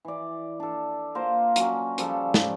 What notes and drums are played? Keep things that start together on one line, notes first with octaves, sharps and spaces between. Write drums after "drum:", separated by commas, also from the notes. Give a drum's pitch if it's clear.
E3 D5
D4 A4
A#3 F4 A#4 C5
F#3 C#4, drum: hi-hat
C#3 F3 G3 A4, drum: hi-hat
drum: snare